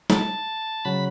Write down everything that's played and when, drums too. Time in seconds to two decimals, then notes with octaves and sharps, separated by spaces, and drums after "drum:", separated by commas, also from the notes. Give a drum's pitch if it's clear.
0.10 A5, drum: snare
0.85 C#3 F#3 B5